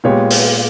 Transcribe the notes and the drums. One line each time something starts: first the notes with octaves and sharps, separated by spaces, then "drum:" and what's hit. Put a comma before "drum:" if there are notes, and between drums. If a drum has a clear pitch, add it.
A#2 G#3 B3 G4 C#5
drum: open hi-hat